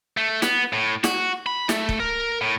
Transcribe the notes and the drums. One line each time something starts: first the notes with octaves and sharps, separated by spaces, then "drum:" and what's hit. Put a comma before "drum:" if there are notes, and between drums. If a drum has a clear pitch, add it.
A3
B3, drum: snare
A2
F#4, drum: snare
B5
A3, drum: snare
drum: kick
A#4
A2